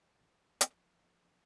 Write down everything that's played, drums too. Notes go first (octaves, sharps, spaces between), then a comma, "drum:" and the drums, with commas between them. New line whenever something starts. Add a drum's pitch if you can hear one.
E3 F3
drum: hi-hat